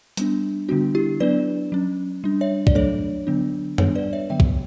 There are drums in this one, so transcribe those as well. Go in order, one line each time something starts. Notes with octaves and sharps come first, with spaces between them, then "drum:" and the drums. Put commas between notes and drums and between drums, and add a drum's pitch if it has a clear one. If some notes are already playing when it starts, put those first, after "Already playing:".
G3 B3 D4, drum: hi-hat
D3 G3 B3 D4 F#4
E4 G4
F#3 B3 D4 B4 D5
F#3 C#4
G3 D4
C#5 E5
D5, drum: kick
F#3 A3 D4 A4 C#5
D3 F#3 B3 D4
G3 B3 D4 A4 C#5, drum: tom F#2
B4 D5
C#5 E5
D3 F#3 B3 E5 G5
drum: kick